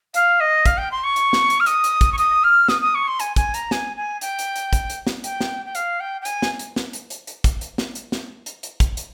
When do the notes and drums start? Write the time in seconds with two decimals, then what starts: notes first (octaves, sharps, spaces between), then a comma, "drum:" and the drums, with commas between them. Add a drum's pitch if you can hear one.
0.14 F5, drum: hi-hat
0.40 D#5
0.66 F5, drum: kick, hi-hat
0.77 G5
0.91 C6
1.03 C#6
1.16 drum: hi-hat
1.33 drum: snare
1.50 drum: hi-hat
1.60 F6
1.66 D#6, drum: hi-hat
1.84 drum: hi-hat
2.01 drum: kick, hi-hat
2.12 C#6
2.18 D#6, drum: hi-hat
2.43 F6
2.68 D#6, drum: snare
2.82 D#6
2.94 C#6
3.07 C6
3.20 G#5, drum: hi-hat
3.36 G#5, drum: kick, hi-hat
3.54 A#5, drum: hi-hat
3.71 G#5, drum: snare
3.96 G#5
4.21 G5, drum: hi-hat
4.39 drum: hi-hat
4.56 drum: hi-hat
4.73 drum: kick, hi-hat
4.90 drum: hi-hat
5.07 drum: snare
5.24 G5, drum: hi-hat
5.41 drum: snare
5.65 G5
5.75 F5, drum: hi-hat
6.00 G5
6.21 G5
6.25 G#5, drum: hi-hat
6.42 drum: snare
6.59 drum: hi-hat
6.76 drum: snare
6.93 drum: hi-hat
7.10 drum: hi-hat
7.27 drum: hi-hat
7.44 drum: kick, hi-hat
7.61 drum: hi-hat
7.78 drum: snare
7.95 drum: hi-hat
8.12 drum: snare
8.46 drum: hi-hat
8.63 drum: hi-hat
8.80 drum: kick, hi-hat
8.97 drum: hi-hat